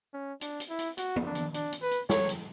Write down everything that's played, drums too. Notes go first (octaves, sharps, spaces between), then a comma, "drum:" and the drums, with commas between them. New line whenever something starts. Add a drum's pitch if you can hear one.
C#4
D4, drum: hi-hat
drum: hi-hat
E4
drum: hi-hat
F#4, drum: hi-hat
drum: tom D#3
D4
drum: hi-hat
D4, drum: hi-hat
drum: hi-hat
B4
drum: hi-hat
C#5, drum: snare
drum: hi-hat